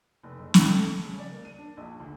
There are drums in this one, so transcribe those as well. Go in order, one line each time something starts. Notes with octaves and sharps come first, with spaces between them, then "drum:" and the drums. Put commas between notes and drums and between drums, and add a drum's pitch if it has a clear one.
F1
F#1
G5, drum: snare
A3
C#7
C#3
D5
A#3
D#7
D4
A#1
D2